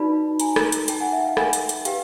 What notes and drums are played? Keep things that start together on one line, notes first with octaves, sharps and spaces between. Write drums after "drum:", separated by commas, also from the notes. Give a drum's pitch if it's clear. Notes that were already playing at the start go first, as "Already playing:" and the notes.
Already playing: D#4 F#4 B4 D5 A5 B5
G#5 A#5, drum: hi-hat
drum: rim click
drum: hi-hat
G5 A5, drum: hi-hat
F#5 G#5
E5 F#5
F5 G5
F#5 G#5, drum: rim click
drum: hi-hat
drum: hi-hat
G4 B4 F5 G5, drum: hi-hat